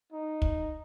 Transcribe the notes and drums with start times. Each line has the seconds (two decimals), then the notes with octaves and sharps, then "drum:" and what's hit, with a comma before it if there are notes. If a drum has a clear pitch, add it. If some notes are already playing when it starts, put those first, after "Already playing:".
0.12 D#4
0.42 drum: kick